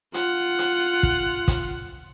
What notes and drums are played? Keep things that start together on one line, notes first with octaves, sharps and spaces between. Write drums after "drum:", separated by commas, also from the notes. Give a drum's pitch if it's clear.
F4 F#5, drum: hi-hat
drum: hi-hat
drum: kick
drum: kick, hi-hat